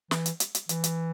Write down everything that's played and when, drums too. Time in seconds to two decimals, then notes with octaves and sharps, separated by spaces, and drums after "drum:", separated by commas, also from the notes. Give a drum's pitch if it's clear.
0.11 E3, drum: snare
0.26 drum: hi-hat
0.40 drum: hi-hat
0.55 drum: hi-hat
0.69 E3, drum: hi-hat
0.84 drum: hi-hat